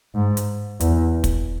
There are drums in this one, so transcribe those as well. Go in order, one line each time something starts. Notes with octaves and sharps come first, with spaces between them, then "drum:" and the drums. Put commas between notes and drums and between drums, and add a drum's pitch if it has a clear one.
G#2
drum: hi-hat
E2, drum: hi-hat
drum: kick, hi-hat